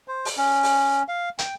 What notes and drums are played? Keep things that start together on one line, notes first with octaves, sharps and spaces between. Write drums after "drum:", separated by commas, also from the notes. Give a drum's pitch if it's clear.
C5
drum: open hi-hat
C#4
drum: open hi-hat
F5
G5, drum: hi-hat